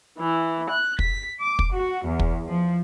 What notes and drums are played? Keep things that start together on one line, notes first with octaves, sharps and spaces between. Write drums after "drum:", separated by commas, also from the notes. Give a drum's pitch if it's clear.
E3
F#6
B6, drum: kick
D6
drum: kick
F#4
E2
drum: kick
F3